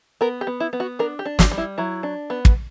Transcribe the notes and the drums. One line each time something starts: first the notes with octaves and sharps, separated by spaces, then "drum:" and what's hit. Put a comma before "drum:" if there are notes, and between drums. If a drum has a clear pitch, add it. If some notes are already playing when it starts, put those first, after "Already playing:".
B3 A#4
G4
B3
E4
B3
F#4
D4 A#4
G4
D4
F#4, drum: snare
G3
E4
F#3 E4
D4
B3
drum: kick